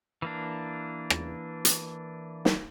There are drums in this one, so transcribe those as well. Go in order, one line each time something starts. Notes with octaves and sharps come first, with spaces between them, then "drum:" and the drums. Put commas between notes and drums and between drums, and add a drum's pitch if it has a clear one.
E3 A#3 D4
drum: rim click
drum: hi-hat
drum: snare